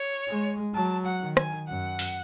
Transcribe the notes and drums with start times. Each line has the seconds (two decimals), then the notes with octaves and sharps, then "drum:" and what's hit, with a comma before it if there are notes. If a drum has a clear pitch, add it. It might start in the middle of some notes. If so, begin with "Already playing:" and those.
Already playing: C#5
0.28 G#3
0.74 F#3 A5
1.06 F#5
1.21 D#3
1.37 G#5, drum: rim click
1.68 F#2 F#5
1.99 drum: open hi-hat